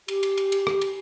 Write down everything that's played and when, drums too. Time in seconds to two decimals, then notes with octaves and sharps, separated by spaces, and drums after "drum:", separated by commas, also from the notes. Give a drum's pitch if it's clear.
0.08 G4, drum: cymbal
0.23 drum: cymbal
0.37 drum: cymbal
0.52 drum: cymbal
0.67 drum: rim click
0.81 drum: cymbal